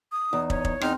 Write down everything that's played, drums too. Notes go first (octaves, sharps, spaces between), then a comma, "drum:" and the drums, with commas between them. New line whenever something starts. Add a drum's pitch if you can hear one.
D#6
E2 D#4
C#5, drum: kick
drum: kick
E2 C4 D#4 F6, drum: rim click